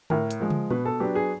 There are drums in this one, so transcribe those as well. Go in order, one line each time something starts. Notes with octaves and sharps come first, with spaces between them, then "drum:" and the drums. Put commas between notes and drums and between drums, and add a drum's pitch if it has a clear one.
A2 A#4, drum: tom D3
drum: hi-hat
F3 G#3
drum: tom
B2 B4, drum: tom A#2
A4
F#3 B3 D4 G4
G#4